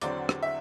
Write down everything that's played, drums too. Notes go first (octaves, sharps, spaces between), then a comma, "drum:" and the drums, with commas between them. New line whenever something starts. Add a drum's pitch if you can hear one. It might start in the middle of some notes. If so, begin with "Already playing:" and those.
E2 D3 F#3 C4 D5, drum: hi-hat
drum: rim click
E5